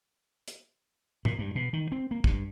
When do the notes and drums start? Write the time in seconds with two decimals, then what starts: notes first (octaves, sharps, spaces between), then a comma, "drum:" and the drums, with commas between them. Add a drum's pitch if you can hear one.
0.48 drum: hi-hat
1.25 A#2, drum: tom G#2
1.39 G2
1.55 B2
1.73 D#3
1.92 C4
2.11 A#3
2.24 G2, drum: kick